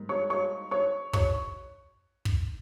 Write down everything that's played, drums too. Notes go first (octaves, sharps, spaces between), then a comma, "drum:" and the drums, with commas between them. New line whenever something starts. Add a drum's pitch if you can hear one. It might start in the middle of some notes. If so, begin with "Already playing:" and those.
Already playing: G#2 G3 A#3
C#5 C#6
C#5 C#6
C#5 C#6
C#5 C#6, drum: kick
drum: kick